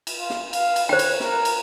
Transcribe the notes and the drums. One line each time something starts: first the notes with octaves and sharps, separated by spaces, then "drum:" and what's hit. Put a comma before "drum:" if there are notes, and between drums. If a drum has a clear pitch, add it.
drum: cymbal
F4
drum: snare
F5, drum: cymbal
drum: cymbal
C5 C#5 G5
drum: cymbal
A#4, drum: snare
drum: cymbal